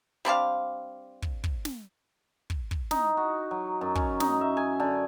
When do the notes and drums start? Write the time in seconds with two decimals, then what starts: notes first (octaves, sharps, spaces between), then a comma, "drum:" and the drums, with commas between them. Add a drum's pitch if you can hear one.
0.25 G3 C4 D4 F5
1.23 drum: kick
1.44 drum: kick
1.65 drum: snare
2.50 drum: kick
2.71 drum: kick
2.91 D#4, drum: snare
3.17 F#4
3.51 F#3
3.81 F#2
3.96 C#4, drum: kick
4.20 D#4, drum: snare
4.41 E5
4.57 G#5
4.80 D3